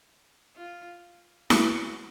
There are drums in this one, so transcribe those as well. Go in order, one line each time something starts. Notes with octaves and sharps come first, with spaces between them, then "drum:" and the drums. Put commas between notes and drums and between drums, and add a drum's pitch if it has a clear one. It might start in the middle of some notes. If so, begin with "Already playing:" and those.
F4
F#4, drum: snare E4